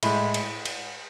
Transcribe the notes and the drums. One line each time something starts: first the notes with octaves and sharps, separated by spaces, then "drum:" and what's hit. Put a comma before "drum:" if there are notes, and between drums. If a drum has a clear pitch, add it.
A2 G#3 B5, drum: cymbal
drum: cymbal
drum: cymbal